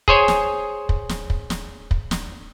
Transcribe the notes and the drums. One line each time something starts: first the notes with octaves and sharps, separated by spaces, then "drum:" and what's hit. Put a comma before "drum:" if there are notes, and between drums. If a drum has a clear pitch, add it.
G#4 C5 C#5 G#5, drum: kick
drum: snare
drum: kick
drum: snare
drum: kick
drum: snare
drum: kick
drum: snare